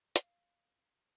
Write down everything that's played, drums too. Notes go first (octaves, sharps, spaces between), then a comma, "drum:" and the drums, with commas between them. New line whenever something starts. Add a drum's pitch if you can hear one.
F5, drum: hi-hat